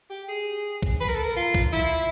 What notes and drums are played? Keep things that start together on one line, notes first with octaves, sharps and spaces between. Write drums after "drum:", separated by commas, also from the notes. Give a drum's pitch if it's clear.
G4
G#4
drum: kick
B4
A#4
A4
A#4
F4
drum: kick
E4